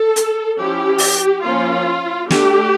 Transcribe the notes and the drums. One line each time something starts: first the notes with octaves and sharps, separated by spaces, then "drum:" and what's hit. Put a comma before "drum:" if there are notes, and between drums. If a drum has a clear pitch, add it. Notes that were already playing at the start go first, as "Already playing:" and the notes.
Already playing: A4
drum: hi-hat
F3 C#4 E4 G4
drum: open hi-hat
F3 A#3 C#4 F4
D3 A3 D4 G4, drum: snare